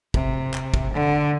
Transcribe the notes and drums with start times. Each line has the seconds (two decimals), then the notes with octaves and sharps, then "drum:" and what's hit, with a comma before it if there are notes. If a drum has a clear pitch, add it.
0.14 C3, drum: kick
0.54 drum: clap
0.74 drum: kick
0.93 D3